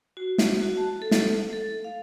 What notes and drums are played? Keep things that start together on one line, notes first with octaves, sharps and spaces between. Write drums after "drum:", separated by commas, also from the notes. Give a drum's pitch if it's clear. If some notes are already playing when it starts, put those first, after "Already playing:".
F#4
drum: snare
F#4
A5
A4
drum: snare
A4
F5